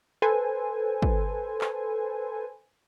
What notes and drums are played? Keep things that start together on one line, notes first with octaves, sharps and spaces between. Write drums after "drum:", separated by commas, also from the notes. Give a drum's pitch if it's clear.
A4 B4 C5 G#5
drum: kick
drum: clap